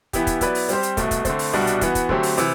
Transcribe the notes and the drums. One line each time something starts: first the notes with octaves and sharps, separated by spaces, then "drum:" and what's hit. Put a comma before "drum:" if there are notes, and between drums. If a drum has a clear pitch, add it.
E3 B3 E4 G4, drum: kick, hi-hat
drum: kick, hi-hat
F#3 B3 E4 B4 D5, drum: kick, hi-hat
drum: open hi-hat
G3 C4 G4 C5, drum: hi-hat
drum: hi-hat
C2 B2 A3, drum: kick, hi-hat
drum: kick, hi-hat
D3 A3 C4, drum: kick, hi-hat
drum: open hi-hat
C2 B2 G3 D4 F#4
drum: hi-hat
E3 B3 F#4, drum: kick, hi-hat
drum: kick, hi-hat
D3 F#3 A3 C4 G4, drum: kick
drum: open hi-hat
C3 E3, drum: hi-hat